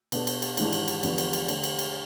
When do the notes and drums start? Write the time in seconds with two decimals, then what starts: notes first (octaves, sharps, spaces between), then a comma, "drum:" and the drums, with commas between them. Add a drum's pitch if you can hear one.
0.12 B2 B3 D4 A4, drum: cymbal
0.27 drum: cymbal
0.42 drum: cymbal
0.57 G#1 G#2 E3 G#3 D4, drum: cymbal
0.72 drum: cymbal
0.88 drum: cymbal
1.03 E2 D3 F3 B3, drum: cymbal
1.18 drum: cymbal
1.33 drum: cymbal
1.48 D3 A3, drum: cymbal
1.63 drum: cymbal
1.79 drum: cymbal